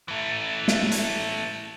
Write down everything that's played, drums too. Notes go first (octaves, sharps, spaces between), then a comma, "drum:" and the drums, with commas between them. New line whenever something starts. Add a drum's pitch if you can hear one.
E3 A3
drum: snare
drum: hi-hat